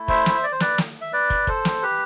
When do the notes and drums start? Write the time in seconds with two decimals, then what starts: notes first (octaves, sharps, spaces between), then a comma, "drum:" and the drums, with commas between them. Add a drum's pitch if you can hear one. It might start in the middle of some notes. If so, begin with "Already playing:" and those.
Already playing: A3 E4
0.08 C5 E5, drum: kick
0.26 drum: snare
0.43 D5
0.52 C5
0.60 B4 D5, drum: snare
0.78 drum: snare
1.01 E5
1.13 B4 D5
1.30 drum: kick
1.47 A4 C5, drum: kick
1.65 drum: snare
1.82 G4 B4